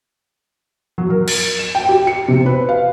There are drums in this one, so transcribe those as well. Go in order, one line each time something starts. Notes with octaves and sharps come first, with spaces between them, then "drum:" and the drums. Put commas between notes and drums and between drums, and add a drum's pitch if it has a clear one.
F#3
A#4
A6, drum: cymbal
E7
G5
G4
C#7
C3
B4
F5